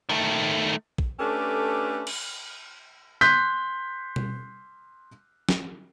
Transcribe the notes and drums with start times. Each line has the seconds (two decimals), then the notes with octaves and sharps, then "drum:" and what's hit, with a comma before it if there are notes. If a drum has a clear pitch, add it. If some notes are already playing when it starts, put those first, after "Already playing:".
0.09 D#3 A3
0.98 drum: kick A#1
1.19 A3 C#4 D4 G4 A4 B4
2.07 drum: cymbal
3.21 C6 F#6 G6 B6
4.16 drum: tom B2
5.49 drum: snare